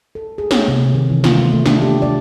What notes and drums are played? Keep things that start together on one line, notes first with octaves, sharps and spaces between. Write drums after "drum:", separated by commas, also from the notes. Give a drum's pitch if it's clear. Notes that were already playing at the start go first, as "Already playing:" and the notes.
A4
G#4
C#5, drum: snare
C3
D#3
E3
F4, drum: snare
A3
A3
D4, drum: snare
G4
D5